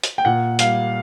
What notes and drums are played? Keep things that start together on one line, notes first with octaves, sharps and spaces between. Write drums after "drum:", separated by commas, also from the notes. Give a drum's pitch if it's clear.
drum: hi-hat
G5
A#2 F#5
G3 F5, drum: hi-hat